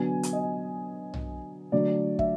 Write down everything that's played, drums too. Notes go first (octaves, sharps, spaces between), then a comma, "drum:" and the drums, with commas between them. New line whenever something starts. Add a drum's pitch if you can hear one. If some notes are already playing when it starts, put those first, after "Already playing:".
Already playing: D3 F#3 B3 D4 G#5
drum: hi-hat
D#5
drum: tom
D3 F#3 A3 D5
E5, drum: kick